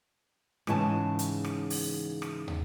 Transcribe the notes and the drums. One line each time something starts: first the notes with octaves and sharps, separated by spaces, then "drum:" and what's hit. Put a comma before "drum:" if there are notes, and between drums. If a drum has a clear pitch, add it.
G#2 C#3 E3 C#5 G#5 A5, drum: rim click
drum: hi-hat
drum: rim click
drum: open hi-hat
drum: rim click
drum: tom